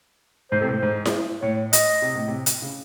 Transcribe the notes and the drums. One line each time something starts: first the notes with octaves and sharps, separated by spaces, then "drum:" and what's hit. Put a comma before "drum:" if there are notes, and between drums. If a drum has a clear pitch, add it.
G#2 C5
C3 A4
A2 C5
G#2
drum: snare E4
A2 C#5
D#5, drum: hi-hat
C3
A2
C3
drum: hi-hat
C#3